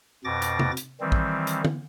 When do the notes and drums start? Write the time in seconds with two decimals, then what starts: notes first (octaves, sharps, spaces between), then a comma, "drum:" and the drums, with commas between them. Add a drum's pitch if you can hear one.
0.24 F2 B2 D6 A6 A#6
0.42 drum: hi-hat
0.59 drum: tom C3
0.77 drum: hi-hat
1.01 D#3 E3 G3 C4
1.12 drum: kick
1.47 drum: hi-hat
1.65 drum: tom D3